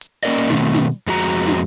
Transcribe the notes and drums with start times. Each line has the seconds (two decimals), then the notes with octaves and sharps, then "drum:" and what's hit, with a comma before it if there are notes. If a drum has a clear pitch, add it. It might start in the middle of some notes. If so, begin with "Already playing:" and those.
0.01 drum: hi-hat
0.23 A#3 C#4 A#4 D5 D#5, drum: open hi-hat
0.50 B2 D#3 A3 C4, drum: snare
0.74 drum: snare
1.07 F2 G#3 F#4 A#5
1.23 drum: open hi-hat
1.47 drum: snare